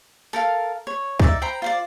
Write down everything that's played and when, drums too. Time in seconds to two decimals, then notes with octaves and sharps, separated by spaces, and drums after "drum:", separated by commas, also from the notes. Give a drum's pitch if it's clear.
0.33 A4 A#4 F5
0.87 C#5
1.20 D#4 D5 E5, drum: kick C#2
1.42 C5 G5 A#5 B5
1.62 F4 C5 D5